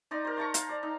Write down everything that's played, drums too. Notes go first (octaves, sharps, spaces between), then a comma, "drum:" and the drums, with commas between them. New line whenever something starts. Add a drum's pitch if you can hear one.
D#4 D5 A#5 C6
A#4 C5
C5 A5 A#5 C#6
F5, drum: hi-hat
D5
D#4